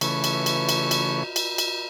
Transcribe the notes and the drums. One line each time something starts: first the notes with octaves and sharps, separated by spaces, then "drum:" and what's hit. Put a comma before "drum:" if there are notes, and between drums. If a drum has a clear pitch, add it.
C#3 E3 A3 B4 C#5, drum: cymbal
drum: cymbal
drum: cymbal
drum: cymbal
drum: cymbal
drum: cymbal
drum: cymbal